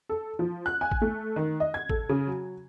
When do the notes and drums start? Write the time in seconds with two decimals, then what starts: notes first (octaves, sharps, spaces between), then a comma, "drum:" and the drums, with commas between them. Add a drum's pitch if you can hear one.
0.09 A4
0.39 F3
0.66 F#6
0.81 G#5
0.91 drum: kick
1.02 A3
1.36 D#3
1.60 D#5
1.74 G#6
1.90 A4, drum: kick
2.09 C#3
2.27 F#3